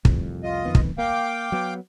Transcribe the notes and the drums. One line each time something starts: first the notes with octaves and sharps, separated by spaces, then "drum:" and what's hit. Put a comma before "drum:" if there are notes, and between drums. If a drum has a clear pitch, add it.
C2 F2, drum: kick
F4 D#5
F2 D#3 B3
drum: kick
A#3 F5 G5 D6
F#3 B3